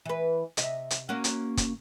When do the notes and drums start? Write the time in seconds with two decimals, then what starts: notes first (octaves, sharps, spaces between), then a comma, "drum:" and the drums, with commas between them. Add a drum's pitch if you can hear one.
0.05 E3 B4
0.57 C3 D#5 E5, drum: hi-hat
0.90 drum: hi-hat
1.09 A#3 C#4 F#4
1.24 drum: hi-hat
1.57 drum: kick, hi-hat